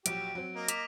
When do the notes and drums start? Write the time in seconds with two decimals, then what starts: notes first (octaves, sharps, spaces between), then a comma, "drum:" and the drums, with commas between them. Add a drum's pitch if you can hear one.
0.06 A#1 F#3 G4 D7, drum: hi-hat
0.35 F#3 C4
0.55 A#3 D#5
0.68 D6 B6 F7, drum: hi-hat